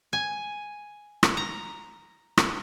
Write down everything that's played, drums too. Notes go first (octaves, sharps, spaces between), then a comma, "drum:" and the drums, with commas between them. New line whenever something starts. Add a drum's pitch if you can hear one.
G#5
drum: rim click
A#5
drum: rim click